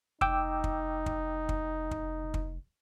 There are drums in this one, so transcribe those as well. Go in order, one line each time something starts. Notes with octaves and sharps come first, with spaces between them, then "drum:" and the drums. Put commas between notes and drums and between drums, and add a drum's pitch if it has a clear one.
F1 D#4 G5 D6 E6, drum: kick
drum: kick
drum: kick
drum: kick
drum: kick
drum: kick